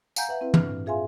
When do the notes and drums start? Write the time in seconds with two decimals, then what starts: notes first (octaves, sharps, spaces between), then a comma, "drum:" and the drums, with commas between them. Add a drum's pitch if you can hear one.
0.16 F5 F#5 G#5 A#5 G6, drum: tambourine
0.29 B4 E5 F#5
0.41 C4 E4 B4
0.54 G2 D4 F6, drum: tom
0.67 A2
0.86 F4 G#4 E5 F5 G#5 C6